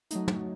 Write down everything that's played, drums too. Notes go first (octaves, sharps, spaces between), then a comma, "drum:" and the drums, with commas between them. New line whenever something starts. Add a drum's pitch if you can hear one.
F#3 A3 D#4, drum: hi-hat
drum: tom